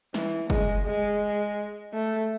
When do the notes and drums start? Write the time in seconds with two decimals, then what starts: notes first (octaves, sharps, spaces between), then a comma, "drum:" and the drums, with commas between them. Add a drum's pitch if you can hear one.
0.14 E3, drum: snare
0.50 G#3, drum: kick
0.86 G#3
1.94 A3